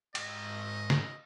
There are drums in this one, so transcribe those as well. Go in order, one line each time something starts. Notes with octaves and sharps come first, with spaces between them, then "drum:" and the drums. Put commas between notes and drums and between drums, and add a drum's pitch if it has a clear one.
G#2 D#5 G5, drum: cymbal
drum: snare